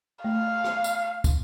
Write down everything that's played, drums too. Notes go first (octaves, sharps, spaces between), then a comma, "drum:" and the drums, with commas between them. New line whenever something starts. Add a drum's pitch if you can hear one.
A3 F5
drum: rim click
drum: tambourine
drum: kick, tambourine